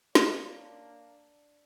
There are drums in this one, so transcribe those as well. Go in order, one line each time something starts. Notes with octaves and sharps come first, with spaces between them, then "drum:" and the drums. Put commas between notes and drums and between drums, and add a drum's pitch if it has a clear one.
A#3 D4 A4 C#5, drum: snare